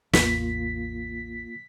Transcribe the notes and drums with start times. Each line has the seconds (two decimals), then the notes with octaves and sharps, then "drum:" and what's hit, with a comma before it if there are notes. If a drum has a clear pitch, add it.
0.13 A1 E2 A#3 F4 B6, drum: snare